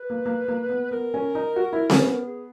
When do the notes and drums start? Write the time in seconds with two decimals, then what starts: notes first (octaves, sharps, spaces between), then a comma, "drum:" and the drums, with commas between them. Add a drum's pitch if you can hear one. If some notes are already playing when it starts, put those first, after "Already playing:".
Already playing: B4
0.10 A#3
0.26 A#3
0.48 A#3
0.69 B3
0.91 B3 A#4
1.14 C#4
1.35 D#4
1.56 F#4
1.73 E4
1.90 C#4, drum: snare C4
2.05 B3
2.22 G#4